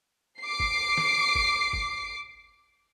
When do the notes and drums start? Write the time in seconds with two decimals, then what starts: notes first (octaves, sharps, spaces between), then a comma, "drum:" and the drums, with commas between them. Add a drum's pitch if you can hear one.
0.41 D6 C7
0.60 drum: kick G1
0.98 drum: snare
1.35 drum: kick G1
1.73 drum: kick G1